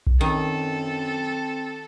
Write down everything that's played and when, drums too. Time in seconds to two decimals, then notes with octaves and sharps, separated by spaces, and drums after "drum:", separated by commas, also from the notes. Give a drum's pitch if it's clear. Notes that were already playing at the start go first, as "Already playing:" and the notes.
0.07 drum: kick A#1
0.21 F#2 D#3 C4 A4